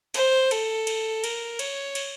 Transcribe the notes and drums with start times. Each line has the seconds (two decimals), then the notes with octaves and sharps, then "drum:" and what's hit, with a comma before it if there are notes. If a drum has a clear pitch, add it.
0.14 C5, drum: cymbal
0.51 A4, drum: cymbal
0.87 drum: cymbal
1.24 A#4, drum: cymbal
1.59 C#5, drum: cymbal
1.95 drum: cymbal